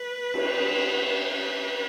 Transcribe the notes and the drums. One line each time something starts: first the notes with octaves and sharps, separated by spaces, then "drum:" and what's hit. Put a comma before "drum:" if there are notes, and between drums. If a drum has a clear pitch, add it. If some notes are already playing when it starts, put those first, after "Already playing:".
Already playing: B4
drum: cymbal
B4